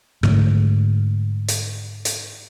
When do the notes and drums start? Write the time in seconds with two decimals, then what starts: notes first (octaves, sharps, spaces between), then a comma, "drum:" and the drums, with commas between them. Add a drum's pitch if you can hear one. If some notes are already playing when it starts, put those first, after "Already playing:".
0.23 G#2 D3 A3, drum: rim click
1.48 drum: hi-hat
2.05 drum: hi-hat